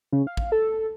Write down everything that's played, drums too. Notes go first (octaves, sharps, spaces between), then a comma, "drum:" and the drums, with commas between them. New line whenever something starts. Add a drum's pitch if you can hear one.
C#3
F5
drum: kick
A4